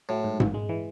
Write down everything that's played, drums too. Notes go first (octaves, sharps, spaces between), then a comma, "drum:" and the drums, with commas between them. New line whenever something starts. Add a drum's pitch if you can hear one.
A2 F#3
G#2
A1, drum: tom G#2
G#3
E3